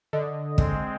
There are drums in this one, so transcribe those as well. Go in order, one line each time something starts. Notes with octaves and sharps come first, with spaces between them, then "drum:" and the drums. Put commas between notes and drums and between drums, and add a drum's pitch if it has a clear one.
D3 D#5
G#3 C4, drum: kick